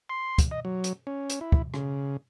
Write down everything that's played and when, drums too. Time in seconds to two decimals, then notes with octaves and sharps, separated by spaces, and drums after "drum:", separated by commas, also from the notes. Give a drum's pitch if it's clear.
0.09 C6
0.38 drum: kick, hi-hat
0.51 D#5
0.65 F#3
0.84 drum: hi-hat
1.07 C#4
1.30 drum: hi-hat
1.41 E4
1.52 drum: kick
1.74 C#3, drum: rim click